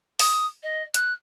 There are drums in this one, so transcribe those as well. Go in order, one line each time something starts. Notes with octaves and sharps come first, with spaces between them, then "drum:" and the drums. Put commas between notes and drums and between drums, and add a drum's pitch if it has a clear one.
D#6, drum: open hi-hat
D#5
F#6, drum: hi-hat